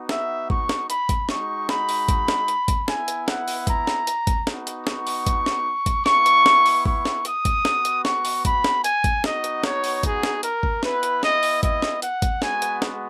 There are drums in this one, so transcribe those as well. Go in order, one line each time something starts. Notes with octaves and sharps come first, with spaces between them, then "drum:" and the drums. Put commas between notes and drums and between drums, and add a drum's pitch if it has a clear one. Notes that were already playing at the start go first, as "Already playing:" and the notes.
Already playing: B3 D#4 F#4
E5, drum: snare
C#6, drum: kick G#1
drum: snare
B5, drum: hi-hat
drum: kick G#1, hi-hat
G#3 D#4 F#4 C#6, drum: snare
B5, drum: snare
drum: open hi-hat
drum: kick G#1, hi-hat
drum: snare
drum: hi-hat
drum: kick G#1, hi-hat
B3 E4 G#5, drum: snare
drum: hi-hat
F#5, drum: snare
drum: open hi-hat
A#5, drum: kick G#1, hi-hat
drum: snare
drum: hi-hat
drum: kick G#1, hi-hat
B3 D#4 F#4, drum: snare
drum: hi-hat
C#6, drum: snare
drum: open hi-hat
drum: kick G#1, hi-hat
drum: snare
drum: kick G#1, hi-hat
B3 E4 C#6, drum: snare
drum: hi-hat
drum: snare
drum: open hi-hat
C#6, drum: kick G#1
drum: snare
D#6, drum: hi-hat
drum: kick G#1, hi-hat
B3 F#4, drum: snare
drum: hi-hat
C#6, drum: snare
drum: open hi-hat
B5, drum: kick G#1, hi-hat
drum: snare
G#5, drum: hi-hat
drum: kick G#1, hi-hat
B3 D#4 F#4 D#5, drum: snare
drum: hi-hat
C#5, drum: snare
drum: open hi-hat
G#4, drum: kick G#1, hi-hat
drum: snare
A#4, drum: hi-hat
drum: kick G#1
B3 E4 B4, drum: snare
drum: hi-hat
D#5, drum: snare
drum: open hi-hat
D#5, drum: kick G#1, hi-hat
drum: snare
F#5, drum: hi-hat
drum: kick G#1, hi-hat
G#3 B3 F#4 G#5, drum: snare
drum: hi-hat
drum: snare